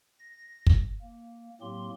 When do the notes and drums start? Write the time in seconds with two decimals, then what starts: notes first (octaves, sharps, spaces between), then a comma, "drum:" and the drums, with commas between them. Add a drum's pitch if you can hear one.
0.19 A#6
0.67 drum: kick
1.01 A#3
1.61 A2 F#3 A#3 C4 G4 C6